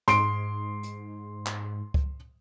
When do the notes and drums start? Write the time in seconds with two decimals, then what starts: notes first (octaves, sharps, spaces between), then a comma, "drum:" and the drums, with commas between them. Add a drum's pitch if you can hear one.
0.08 G#2 C6 C7 D7, drum: snare
0.83 drum: hi-hat
1.46 drum: clap
1.94 drum: kick C#2